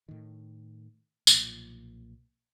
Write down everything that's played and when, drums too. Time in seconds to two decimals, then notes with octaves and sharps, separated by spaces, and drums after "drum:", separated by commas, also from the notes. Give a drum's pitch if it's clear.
0.09 A2 D#3
1.27 B1 A#2 F3, drum: tambourine